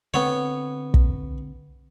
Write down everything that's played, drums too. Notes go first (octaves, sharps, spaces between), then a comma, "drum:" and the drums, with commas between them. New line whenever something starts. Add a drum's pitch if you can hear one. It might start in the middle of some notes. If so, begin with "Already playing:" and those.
D3 B3 C4 C#5
drum: kick